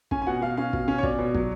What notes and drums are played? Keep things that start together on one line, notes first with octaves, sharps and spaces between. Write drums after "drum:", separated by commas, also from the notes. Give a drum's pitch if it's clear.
C#4 G#5, drum: kick
G#5
B2 F#5
B2 F5
C#4 F5
B2, drum: kick
C#4
C#5
B2 D5, drum: kick
B2
F#3, drum: kick